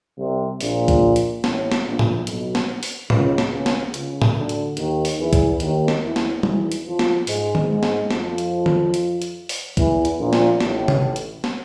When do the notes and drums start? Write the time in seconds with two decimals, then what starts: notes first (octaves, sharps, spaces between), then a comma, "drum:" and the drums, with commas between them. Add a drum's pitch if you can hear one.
0.18 C2 C3
0.61 A#1 A#2, drum: open hi-hat
0.88 drum: kick, hi-hat
1.16 drum: hi-hat
1.44 A1 A2, drum: snare
1.72 drum: snare
1.85 A#1 A#2
1.99 drum: tom A2
2.27 B1 B2, drum: hi-hat
2.55 drum: snare
2.83 drum: open hi-hat
3.10 C#2 C#3, drum: tom A2
3.38 drum: snare
3.52 C#2 C#3
3.66 drum: snare
3.94 C#2 C#3, drum: hi-hat
4.22 drum: tom A2
4.35 D2 D3
4.49 drum: hi-hat
4.77 D#2 D#3, drum: hi-hat
5.05 drum: open hi-hat
5.19 E2 E3
5.33 drum: kick, hi-hat
5.60 D#2 D#3, drum: hi-hat
5.88 drum: snare
6.02 E2 E3
6.16 drum: snare
6.43 E2 E3, drum: tom G3
6.72 drum: hi-hat
6.85 F2 F3
6.99 drum: snare
7.27 G#2 G#3, drum: open hi-hat
7.55 drum: tom D#3
7.68 G#2 G#3
7.83 drum: snare
8.11 F2 F3, drum: snare
8.38 drum: hi-hat
8.66 drum: tom D#3
8.94 drum: hi-hat
9.22 drum: hi-hat
9.49 drum: open hi-hat
9.77 E2 E3, drum: kick, hi-hat
10.05 drum: hi-hat
10.19 A#1 A#2
10.33 drum: snare
10.61 A1 A2, drum: snare
10.88 drum: tom C3
11.16 drum: hi-hat
11.44 drum: snare